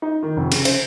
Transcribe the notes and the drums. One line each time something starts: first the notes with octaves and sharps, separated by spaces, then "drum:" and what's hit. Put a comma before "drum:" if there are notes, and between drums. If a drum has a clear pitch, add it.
D#4
D#3
F1
C#3, drum: cymbal
C5, drum: cymbal